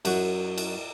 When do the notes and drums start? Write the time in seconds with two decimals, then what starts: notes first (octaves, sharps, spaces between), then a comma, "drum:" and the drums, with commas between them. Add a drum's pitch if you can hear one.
0.05 F#2 F#4, drum: cymbal
0.58 drum: cymbal